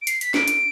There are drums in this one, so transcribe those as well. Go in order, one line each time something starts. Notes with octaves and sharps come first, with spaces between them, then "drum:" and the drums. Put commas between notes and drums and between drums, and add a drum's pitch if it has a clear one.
D7
C7, drum: hi-hat
B6, drum: hi-hat
D7, drum: snare
drum: hi-hat